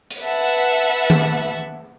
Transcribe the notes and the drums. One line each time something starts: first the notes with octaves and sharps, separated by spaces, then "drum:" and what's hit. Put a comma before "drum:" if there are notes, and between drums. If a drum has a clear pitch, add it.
drum: hi-hat
B4 E5 F#5 A5
drum: tom D#3